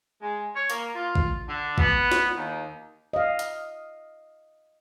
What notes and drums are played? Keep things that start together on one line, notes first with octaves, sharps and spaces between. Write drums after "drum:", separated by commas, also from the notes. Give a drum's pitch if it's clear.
G#3
C#5
A#3, drum: hi-hat
F4
drum: kick A1
D3
B3, drum: kick A1
drum: snare
D#2
D#5 F5
drum: hi-hat